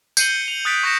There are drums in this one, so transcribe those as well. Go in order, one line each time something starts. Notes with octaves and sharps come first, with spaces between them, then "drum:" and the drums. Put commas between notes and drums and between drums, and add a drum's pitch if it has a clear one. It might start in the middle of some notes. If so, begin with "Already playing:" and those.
G6 C7 C#7 D#7 F#7 G7, drum: tambourine
F7 F#7
D#6 F#6 A6 B6 D7
C#6 D#6 G6 A#6 C#7 E7